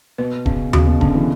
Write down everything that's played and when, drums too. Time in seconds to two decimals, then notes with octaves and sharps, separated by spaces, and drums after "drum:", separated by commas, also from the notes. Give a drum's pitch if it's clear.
0.18 B2 B4
0.46 C#3 C#4, drum: kick D#1
0.73 C#3 F#4, drum: tom D#2
0.87 B2
1.01 D3 C#4, drum: kick D#1
1.15 E3